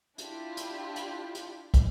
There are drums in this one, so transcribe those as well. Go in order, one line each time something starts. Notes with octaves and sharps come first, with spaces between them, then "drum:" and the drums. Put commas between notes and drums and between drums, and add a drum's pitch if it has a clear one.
D4 E4 F4 G4, drum: hi-hat
drum: hi-hat
drum: hi-hat
drum: hi-hat
drum: kick, hi-hat